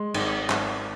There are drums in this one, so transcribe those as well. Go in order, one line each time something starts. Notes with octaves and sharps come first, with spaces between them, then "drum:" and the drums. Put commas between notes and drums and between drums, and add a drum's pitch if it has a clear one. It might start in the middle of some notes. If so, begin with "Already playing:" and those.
Already playing: G#3 C6
G#1, drum: cymbal
G#1, drum: clap